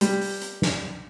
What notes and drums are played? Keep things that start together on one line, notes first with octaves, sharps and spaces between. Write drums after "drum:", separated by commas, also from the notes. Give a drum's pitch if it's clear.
G3, drum: hi-hat
drum: open hi-hat
drum: hi-hat
drum: snare